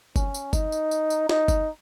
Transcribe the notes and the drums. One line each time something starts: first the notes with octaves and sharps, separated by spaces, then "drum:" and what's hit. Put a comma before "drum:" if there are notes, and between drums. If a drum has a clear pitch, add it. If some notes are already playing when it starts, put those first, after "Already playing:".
C#4, drum: kick G1, tambourine
drum: tambourine
D#4, drum: kick G1, tambourine
drum: tambourine
drum: tambourine
drum: tambourine
D#4, drum: snare
drum: kick G1, tambourine